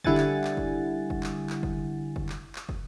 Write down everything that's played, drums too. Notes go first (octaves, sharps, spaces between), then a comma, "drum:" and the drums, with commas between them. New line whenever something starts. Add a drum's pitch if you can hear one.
D3 G3 E4 F#5 G#5 A6, drum: kick
drum: clap
drum: clap
drum: kick
drum: kick
drum: clap
drum: clap
drum: kick
drum: kick
drum: clap
drum: clap
drum: kick